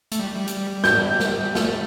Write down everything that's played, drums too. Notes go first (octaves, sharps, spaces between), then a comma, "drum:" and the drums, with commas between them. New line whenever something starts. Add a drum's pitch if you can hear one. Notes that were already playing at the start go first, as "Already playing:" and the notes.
A3, drum: hi-hat
G3
G3
drum: hi-hat
G6, drum: snare
drum: snare
A3, drum: snare